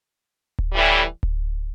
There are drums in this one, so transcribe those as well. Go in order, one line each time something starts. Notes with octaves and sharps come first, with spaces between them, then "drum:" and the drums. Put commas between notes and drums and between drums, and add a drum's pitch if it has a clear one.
drum: kick D1
A2 E3 G3
drum: kick D1